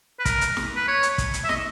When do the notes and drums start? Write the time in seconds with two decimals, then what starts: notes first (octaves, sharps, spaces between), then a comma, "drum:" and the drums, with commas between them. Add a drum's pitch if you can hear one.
0.19 B4
0.25 A#4, drum: kick, hi-hat
0.41 drum: hi-hat
0.57 drum: snare
0.76 B4
0.88 C#5
1.03 drum: hi-hat
1.18 drum: kick, hi-hat
1.34 drum: hi-hat
1.44 E5
1.49 D#5, drum: snare